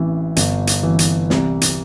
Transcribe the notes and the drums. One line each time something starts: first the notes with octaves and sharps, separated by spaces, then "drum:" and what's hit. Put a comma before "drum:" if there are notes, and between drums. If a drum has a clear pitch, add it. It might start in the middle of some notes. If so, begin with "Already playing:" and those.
Already playing: A1 E3
G1, drum: hi-hat
drum: hi-hat
E3
drum: hi-hat
C2, drum: snare
drum: hi-hat